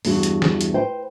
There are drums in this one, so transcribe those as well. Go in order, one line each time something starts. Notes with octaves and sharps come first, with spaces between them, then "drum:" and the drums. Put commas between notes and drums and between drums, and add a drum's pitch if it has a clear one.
E2 G2 F#4, drum: open hi-hat
drum: hi-hat
drum: snare
drum: hi-hat
B4 C5 G5